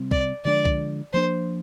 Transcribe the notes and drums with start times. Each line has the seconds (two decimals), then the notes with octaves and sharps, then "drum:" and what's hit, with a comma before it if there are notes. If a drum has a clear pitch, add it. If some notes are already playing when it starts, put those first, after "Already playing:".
Already playing: C3 G3 C4
0.11 D5, drum: kick
0.45 D3 F3 G#3 D4 D5
0.65 drum: kick
1.13 F3 A#3 D4 C5